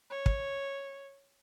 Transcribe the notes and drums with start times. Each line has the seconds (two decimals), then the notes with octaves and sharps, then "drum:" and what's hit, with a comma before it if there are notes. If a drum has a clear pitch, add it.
0.10 C#5
0.26 drum: kick